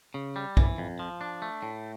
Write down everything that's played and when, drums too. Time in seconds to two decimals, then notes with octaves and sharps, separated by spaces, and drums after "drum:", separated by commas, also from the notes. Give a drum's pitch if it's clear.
0.14 C#3
0.36 G3
0.57 E3, drum: kick B1
0.78 F2
0.99 F3
1.21 D4
1.42 A3
1.63 A2